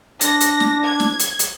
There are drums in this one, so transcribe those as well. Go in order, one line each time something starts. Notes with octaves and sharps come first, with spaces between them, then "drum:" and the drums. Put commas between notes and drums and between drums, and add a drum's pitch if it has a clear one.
D4 A#6, drum: hi-hat
drum: hi-hat
drum: snare
G#6
drum: snare
drum: hi-hat
drum: hi-hat